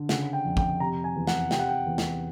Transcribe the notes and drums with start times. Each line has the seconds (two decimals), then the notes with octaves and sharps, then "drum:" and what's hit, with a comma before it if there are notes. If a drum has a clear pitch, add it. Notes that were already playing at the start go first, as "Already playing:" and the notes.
Already playing: D3
0.09 C#3 F#5, drum: snare
0.33 G5
0.45 F2
0.57 G5, drum: kick
0.80 C3 A#5
1.04 G#5
1.16 E2
1.27 F#5, drum: snare
1.51 C3 G5, drum: snare
1.59 F#5
1.68 G5
1.86 E2
1.98 drum: snare